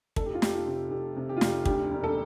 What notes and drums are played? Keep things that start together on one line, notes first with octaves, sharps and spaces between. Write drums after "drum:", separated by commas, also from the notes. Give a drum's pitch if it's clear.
F1 A4, drum: kick
G4
F4
F1 G4, drum: snare
F4
C3
F1 G4
C3
G4
F4
F1 G4, drum: snare
D2 G4, drum: kick
E1
A4